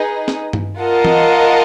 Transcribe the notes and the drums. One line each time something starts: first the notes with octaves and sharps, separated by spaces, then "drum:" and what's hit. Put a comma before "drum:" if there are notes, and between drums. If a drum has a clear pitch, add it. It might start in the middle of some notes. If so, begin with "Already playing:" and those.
Already playing: D#4 G#4 B4 D#5
drum: snare
drum: tom G2
F4 A#4 D#5 F#5 A5
drum: tom E3